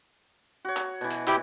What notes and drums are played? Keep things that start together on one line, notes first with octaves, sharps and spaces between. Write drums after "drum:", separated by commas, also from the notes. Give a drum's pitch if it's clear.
F#4 C#5
drum: clap
B2 E3
drum: hi-hat
E4 G4 G5, drum: clap